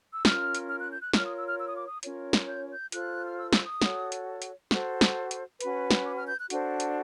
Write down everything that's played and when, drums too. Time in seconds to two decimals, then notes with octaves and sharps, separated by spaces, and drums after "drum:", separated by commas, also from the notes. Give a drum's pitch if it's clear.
0.13 E6
0.25 C#4 F4 A#4 F6, drum: snare
0.55 drum: hi-hat
0.69 F6
0.80 F#6
0.92 G6
1.03 F#6
1.14 F4 A#4 C#5 F6, drum: snare
1.26 D#6
1.36 E6
1.47 F6
1.59 E6
1.68 D#6
1.78 D6
1.87 D#6
2.03 C#4 F4 A#4 C#5, drum: hi-hat
2.33 drum: snare
2.48 G6
2.71 G6
2.92 F4 A4 C5 F#6, drum: hi-hat
3.27 F6
3.38 E6
3.53 E6, drum: snare
3.67 D#6
3.82 F#4 A4 C#5, drum: snare
4.12 drum: hi-hat
4.42 drum: hi-hat
4.71 F#4 A4 C5, drum: snare
5.01 drum: snare
5.31 drum: hi-hat
5.61 C#4 F#4 B4, drum: hi-hat
5.91 drum: snare
6.05 D6
6.16 F6
6.28 G6
6.39 F#6
6.50 D4 F#4 A4 C5, drum: hi-hat
6.80 drum: hi-hat